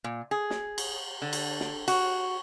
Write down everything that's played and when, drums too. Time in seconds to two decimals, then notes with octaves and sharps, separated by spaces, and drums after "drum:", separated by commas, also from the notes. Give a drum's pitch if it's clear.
0.04 A#2
0.31 G#4
0.50 drum: snare
0.78 drum: cymbal
1.22 D3
1.33 drum: cymbal
1.60 drum: snare
1.88 F#4, drum: cymbal